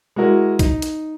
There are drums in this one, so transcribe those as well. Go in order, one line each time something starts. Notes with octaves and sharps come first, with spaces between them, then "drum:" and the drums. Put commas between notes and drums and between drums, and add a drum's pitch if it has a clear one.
G#3 E4 F#4 A#4
D#4, drum: kick, hi-hat
drum: hi-hat